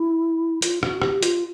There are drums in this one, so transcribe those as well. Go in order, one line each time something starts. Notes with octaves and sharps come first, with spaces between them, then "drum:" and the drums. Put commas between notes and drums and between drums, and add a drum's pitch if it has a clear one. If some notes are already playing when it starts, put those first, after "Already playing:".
Already playing: E4
F4, drum: hi-hat
F#4, drum: rim click
G4, drum: rim click
F4, drum: hi-hat